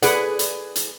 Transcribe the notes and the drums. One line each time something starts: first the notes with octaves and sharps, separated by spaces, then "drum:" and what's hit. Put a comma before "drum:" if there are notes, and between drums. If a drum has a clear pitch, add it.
G#4 B4 D5 F#5, drum: hi-hat
drum: hi-hat
drum: hi-hat